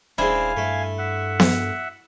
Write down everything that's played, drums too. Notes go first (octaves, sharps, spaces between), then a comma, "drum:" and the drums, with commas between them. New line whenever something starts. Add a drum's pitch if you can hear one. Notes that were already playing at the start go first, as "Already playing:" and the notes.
D#1 G#3 C4 D4 E4 F5 G#5
G2 A3
E5 F#5
drum: snare B3